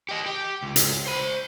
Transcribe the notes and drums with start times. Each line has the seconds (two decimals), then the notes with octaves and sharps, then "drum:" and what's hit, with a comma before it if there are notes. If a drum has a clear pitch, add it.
0.09 G4 D#5
0.26 G4
0.63 C#2
0.76 drum: hi-hat
1.06 C5 B5